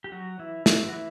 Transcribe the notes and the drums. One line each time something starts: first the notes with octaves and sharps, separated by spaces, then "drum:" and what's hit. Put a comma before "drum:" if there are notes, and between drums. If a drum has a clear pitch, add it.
G4
F#3 F#4
E3 E4
E3 E4, drum: snare
F#4
E3 E4